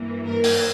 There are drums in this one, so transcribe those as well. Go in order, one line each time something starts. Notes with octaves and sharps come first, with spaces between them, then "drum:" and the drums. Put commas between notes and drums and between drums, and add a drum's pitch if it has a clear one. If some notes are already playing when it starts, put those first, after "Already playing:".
Already playing: G2 E3 A#3
A#4
drum: open hi-hat